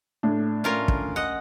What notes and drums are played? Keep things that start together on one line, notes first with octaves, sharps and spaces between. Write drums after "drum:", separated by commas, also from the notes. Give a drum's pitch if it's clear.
A2 D4
C#4 F4 A#4
drum: kick
D#5 F#5